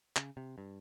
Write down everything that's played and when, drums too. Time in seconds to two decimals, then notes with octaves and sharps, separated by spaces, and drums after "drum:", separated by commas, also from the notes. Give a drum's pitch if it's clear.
0.16 C#3, drum: clap
0.37 C3
0.58 G2